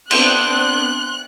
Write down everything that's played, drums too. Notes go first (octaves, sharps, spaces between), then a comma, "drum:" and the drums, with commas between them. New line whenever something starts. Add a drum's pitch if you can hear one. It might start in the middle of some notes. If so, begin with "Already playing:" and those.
B3 C4 D4 C6 F#6, drum: cymbal